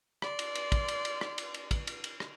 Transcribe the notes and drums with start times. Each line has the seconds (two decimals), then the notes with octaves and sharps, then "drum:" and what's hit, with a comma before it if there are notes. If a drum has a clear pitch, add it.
0.22 D5 C6, drum: rim click
0.39 drum: cymbal
0.55 drum: cymbal
0.72 drum: kick, cymbal
0.88 drum: cymbal
1.05 drum: cymbal
1.21 drum: rim click
1.38 drum: cymbal
1.54 drum: cymbal
1.71 drum: kick, cymbal
1.87 drum: cymbal
2.04 drum: cymbal
2.20 drum: rim click